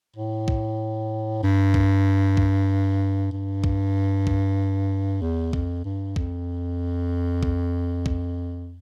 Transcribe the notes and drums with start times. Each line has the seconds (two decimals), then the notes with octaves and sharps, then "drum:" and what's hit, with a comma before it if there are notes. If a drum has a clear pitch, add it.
0.16 A2
0.48 drum: kick B1
1.43 G2
1.74 drum: kick B1
2.37 drum: kick B1
3.32 G2
3.64 drum: kick B1
4.27 drum: kick B1
5.22 E2
5.53 F2, drum: kick B1
5.85 G2
6.16 F2, drum: kick B1
7.43 drum: kick B1
8.06 drum: kick B1